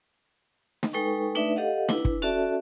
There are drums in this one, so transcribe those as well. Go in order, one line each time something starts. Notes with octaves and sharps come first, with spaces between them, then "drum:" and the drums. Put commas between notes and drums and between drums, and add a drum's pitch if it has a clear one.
drum: snare
G#3 D#4 A4 B4 G5 C#6
A3 D4 D#4 B4 D5 E5
G4 A4 D#5 F5 F#5
D4 E4 B4, drum: snare
drum: kick
C#4 F#4 A4 D5 E5 A5